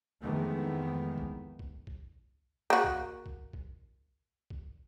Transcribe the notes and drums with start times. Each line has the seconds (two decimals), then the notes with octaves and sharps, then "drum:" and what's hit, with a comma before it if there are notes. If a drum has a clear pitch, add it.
0.21 F2 D#3 E3 G#3 A3 B3
1.18 drum: kick A#1
1.59 drum: kick A#1
1.87 drum: kick A#1
2.70 A#3 F#4
2.84 drum: kick A#1
3.26 drum: kick A#1
3.53 drum: kick A#1
4.50 drum: kick A#1